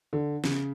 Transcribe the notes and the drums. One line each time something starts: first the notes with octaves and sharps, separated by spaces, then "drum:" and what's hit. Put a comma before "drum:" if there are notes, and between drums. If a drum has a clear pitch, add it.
D3
C#3, drum: snare